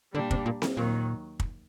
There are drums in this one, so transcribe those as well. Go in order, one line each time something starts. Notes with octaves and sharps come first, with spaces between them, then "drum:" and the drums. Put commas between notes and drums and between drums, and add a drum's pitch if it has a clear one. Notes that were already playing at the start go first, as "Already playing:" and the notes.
A#2 D3 G3 D4 G4
C3, drum: kick
A#2
drum: snare C4
D#2 A#2 D#3 F#3
drum: kick